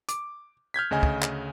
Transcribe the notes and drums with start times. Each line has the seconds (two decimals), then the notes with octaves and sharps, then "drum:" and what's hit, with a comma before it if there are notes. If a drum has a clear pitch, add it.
0.09 D6, drum: hi-hat
0.74 F6 G6 G#6 B6
0.91 D2 C#3 D#5 G#5
1.03 drum: kick
1.22 drum: clap